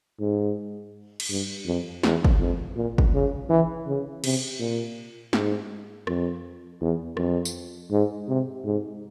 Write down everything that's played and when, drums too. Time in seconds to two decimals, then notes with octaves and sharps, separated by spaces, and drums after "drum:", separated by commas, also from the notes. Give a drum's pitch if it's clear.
0.19 G#2
1.20 drum: cymbal
1.30 G2
1.66 F2
2.03 E2, drum: snare
2.24 drum: kick
2.39 F2
2.76 A#2
2.98 drum: kick
3.14 C#3
3.49 E3
3.86 C#3
4.24 C3, drum: cymbal
4.59 A#2
5.33 G#2, drum: snare
6.07 F2, drum: rim click
6.81 E2
7.17 F2, drum: rim click
7.45 drum: tambourine
7.91 G#2
8.28 C3
8.65 G#2